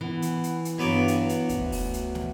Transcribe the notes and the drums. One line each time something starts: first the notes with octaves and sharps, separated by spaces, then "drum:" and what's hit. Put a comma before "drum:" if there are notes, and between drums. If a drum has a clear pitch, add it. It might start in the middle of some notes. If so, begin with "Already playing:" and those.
E3 B3
drum: hi-hat
drum: hi-hat
drum: hi-hat
G2 F#3 B3 D5
drum: hi-hat
drum: hi-hat
D2, drum: kick, hi-hat
drum: open hi-hat
drum: hi-hat
drum: snare